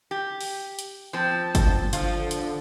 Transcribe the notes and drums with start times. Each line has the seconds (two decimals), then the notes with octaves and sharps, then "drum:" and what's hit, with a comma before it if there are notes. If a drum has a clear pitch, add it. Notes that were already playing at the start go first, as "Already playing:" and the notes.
0.11 G4
0.41 drum: open hi-hat
0.79 drum: hi-hat
1.13 F3 C4 A5
1.55 drum: kick G1, hi-hat
1.93 D3 F3 F4, drum: hi-hat
2.31 drum: hi-hat